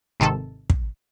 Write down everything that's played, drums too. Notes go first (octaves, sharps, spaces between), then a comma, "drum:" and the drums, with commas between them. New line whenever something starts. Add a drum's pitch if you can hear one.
G#1 C3 D#3 A4
drum: kick